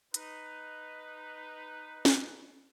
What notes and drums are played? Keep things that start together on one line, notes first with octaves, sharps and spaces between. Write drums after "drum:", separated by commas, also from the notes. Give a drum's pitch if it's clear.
D#4 B4, drum: hi-hat
drum: snare